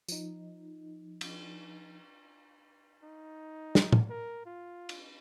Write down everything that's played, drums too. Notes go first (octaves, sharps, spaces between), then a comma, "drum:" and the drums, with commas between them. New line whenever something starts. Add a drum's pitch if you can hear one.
F3 D#4, drum: tambourine
drum: cymbal
D#4
drum: snare
drum: tom
A#4
F4
drum: cymbal